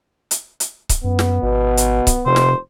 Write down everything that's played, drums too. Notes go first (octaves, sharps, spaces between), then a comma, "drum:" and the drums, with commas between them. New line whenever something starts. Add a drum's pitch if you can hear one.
drum: hi-hat
drum: hi-hat
drum: kick C#1, hi-hat
F#2 B3
drum: snare
G#1 B2
drum: hi-hat
drum: kick C#1, hi-hat
F1 C3 C5
drum: snare